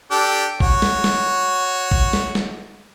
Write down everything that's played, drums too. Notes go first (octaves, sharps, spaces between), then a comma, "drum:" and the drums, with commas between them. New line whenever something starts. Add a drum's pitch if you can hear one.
D4 G4 A4
F#4 C#5, drum: kick A1
drum: snare
drum: snare
drum: kick A1
drum: snare
drum: snare